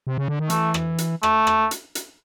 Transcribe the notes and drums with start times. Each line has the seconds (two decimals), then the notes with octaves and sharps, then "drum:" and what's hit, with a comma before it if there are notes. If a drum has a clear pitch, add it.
0.07 C3
0.18 C#3
0.28 D3
0.39 D#3
0.50 E3 A3, drum: hi-hat
0.74 drum: rim click
0.98 drum: hi-hat
1.23 A3, drum: rim click
1.47 drum: rim click
1.71 drum: hi-hat
1.95 drum: hi-hat